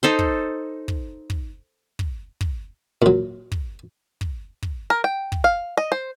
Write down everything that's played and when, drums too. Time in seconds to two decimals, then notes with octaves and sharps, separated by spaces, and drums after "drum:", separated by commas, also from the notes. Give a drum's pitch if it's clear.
0.03 D#4 A4 C5
0.19 drum: kick
0.88 drum: kick
1.30 drum: kick
1.99 drum: kick
2.41 drum: kick
3.02 A#2 F#3
3.52 drum: kick
4.21 drum: kick
4.63 drum: kick
4.90 A#4
5.04 G5
5.32 drum: kick
5.44 F5
5.77 D#5
5.92 C5